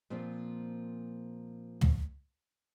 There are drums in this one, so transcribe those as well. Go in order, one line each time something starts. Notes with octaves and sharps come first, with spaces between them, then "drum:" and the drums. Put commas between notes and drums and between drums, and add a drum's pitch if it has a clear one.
A#2 F3 A#3 C4 D4
drum: tom